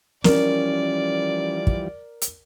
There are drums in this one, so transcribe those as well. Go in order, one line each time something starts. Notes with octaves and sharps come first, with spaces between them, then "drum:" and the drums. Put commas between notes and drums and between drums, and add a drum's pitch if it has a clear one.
E3 F3 G3 C4 C#4 A#4 D5, drum: snare
drum: kick
drum: hi-hat